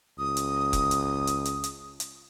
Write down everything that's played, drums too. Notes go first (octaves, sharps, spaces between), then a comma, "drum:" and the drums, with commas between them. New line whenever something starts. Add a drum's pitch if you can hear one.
C#2 D#6
drum: hi-hat
drum: kick F1, hi-hat
drum: hi-hat
drum: hi-hat
drum: hi-hat
drum: hi-hat
drum: hi-hat